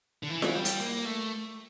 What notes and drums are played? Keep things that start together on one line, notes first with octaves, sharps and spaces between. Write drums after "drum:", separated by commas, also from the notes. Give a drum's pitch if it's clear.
D3
E3
drum: snare F4
G3
drum: hi-hat
A#3
A3